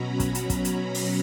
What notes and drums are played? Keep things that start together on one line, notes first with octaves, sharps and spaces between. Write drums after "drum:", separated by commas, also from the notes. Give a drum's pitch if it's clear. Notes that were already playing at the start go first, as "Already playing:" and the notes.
Already playing: B2 F#3 C#4 A#5 B5
drum: kick, hi-hat
drum: hi-hat
drum: kick, hi-hat
drum: hi-hat
drum: open hi-hat